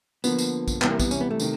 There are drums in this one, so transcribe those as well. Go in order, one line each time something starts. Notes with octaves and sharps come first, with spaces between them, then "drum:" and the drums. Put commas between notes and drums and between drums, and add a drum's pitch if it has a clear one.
D3 F3 A#3 B3, drum: tambourine
drum: tambourine
drum: kick, tambourine
C3 E3 G3 B3, drum: clap
A#3
B3, drum: kick, tambourine
C#4, drum: tambourine
B3
A3
C3 D#3, drum: tambourine